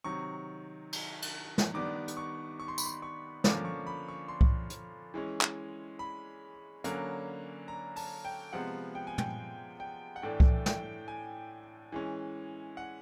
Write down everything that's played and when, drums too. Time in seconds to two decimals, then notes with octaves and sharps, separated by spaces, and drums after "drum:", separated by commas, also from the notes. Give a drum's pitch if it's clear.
0.04 C3 D#3 F#3 C#6
0.93 drum: cymbal
1.22 drum: cymbal
1.58 drum: snare
1.74 D#3 G3 B3 D4 D6
2.08 drum: hi-hat
2.17 C#6
2.60 C#6
2.68 C6
2.78 B5, drum: tambourine
2.86 C6
3.02 C#6
3.44 D3 F3 A#3 C#4 D6, drum: snare
3.65 C#6
3.87 B5
4.08 C#6
4.28 C6
4.41 drum: kick C2
4.70 drum: hi-hat
5.14 E3 G#3 C#4
5.41 drum: clap
5.99 B5
6.84 D3 F#3 A#3 C#4, drum: hi-hat
7.68 A#5
7.96 A5, drum: open hi-hat
8.25 G5
8.53 C3 F3 G#3 B3 F#5
8.95 G5
9.07 G#5
9.18 G5, drum: tom
9.80 G5
10.16 F#5
10.22 A2 E3 A3 D4 G5
10.40 drum: kick C2
10.66 G5, drum: snare
11.08 G#5
11.92 E3 G#3 C#4
12.77 F#5